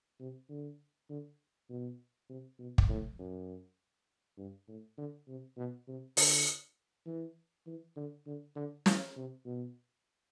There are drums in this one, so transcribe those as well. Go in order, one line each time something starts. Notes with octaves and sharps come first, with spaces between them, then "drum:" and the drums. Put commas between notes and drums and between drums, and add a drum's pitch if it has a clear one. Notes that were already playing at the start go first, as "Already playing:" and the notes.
C3
D3
D3
B2
C3
B2
drum: kick
A2
F#2
G2
A2
D3
C3
B2
C3
D3, drum: open hi-hat
E3
E3
D3
D3
D3
E3, drum: snare
C3
B2